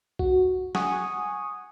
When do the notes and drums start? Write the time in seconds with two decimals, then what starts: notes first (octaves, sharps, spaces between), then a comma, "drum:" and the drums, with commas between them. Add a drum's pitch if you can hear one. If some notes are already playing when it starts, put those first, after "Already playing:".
0.19 F#4, drum: kick B1
0.75 F#5 G#5 C#6 D#6, drum: snare